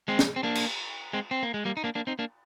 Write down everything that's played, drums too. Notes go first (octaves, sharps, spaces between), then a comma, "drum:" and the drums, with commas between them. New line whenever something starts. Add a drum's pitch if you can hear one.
G#3 C4
drum: snare
C4
A#3 D4
drum: cymbal
G#3 C4
C4
A#3
G#3
G3 A#3
D#4
A#3 D4
A#3 D4
C4 D#4
A#3 D4